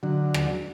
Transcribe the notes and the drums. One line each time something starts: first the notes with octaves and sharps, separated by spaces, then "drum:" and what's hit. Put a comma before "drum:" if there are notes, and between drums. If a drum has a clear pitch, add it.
D3 F#3
drum: rim click